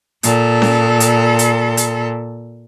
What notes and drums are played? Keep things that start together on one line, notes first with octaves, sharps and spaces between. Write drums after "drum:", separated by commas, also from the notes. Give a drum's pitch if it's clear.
A#2 A4, drum: hi-hat
drum: snare C#4
drum: hi-hat
drum: hi-hat
drum: hi-hat